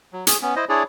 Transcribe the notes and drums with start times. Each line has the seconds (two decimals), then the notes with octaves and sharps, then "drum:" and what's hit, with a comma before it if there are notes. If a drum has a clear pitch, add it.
0.13 F#3
0.27 G#4, drum: hi-hat
0.42 B3 C#4
0.56 E4 C5 D#5
0.69 D4 E4 G#4 C#5 D5